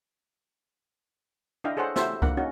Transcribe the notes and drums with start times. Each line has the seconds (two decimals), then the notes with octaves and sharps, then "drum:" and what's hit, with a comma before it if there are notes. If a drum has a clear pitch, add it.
1.64 D4 E4 D#5 F5 G5
1.77 G#4 A4 C5 C#5 F#5
1.96 E4 F#4 G4 A4 C5 E5, drum: snare
2.22 A#3 D4 F#5, drum: kick C2
2.37 C#4 D#4 F#4